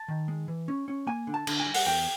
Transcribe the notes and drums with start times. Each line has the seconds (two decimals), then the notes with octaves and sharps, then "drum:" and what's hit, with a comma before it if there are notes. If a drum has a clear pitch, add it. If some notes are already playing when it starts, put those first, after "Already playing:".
Already playing: A5
0.08 D#3
0.28 G#3
0.48 E3
0.68 C#4
0.88 C#4
1.07 A#3 G#5
1.27 D3
1.34 A5
1.47 D3, drum: cymbal
1.60 G#5
1.66 G3
1.74 F#5, drum: open hi-hat
1.86 E2 G5